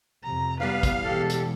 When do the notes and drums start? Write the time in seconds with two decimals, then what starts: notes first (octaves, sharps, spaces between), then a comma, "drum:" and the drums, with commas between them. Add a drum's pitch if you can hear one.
0.23 F2 C3 A#5
0.60 E2 G3 B3 B4 F5
0.83 drum: kick, hi-hat
1.03 B2 E3 G#3 G4 A4
1.30 drum: hi-hat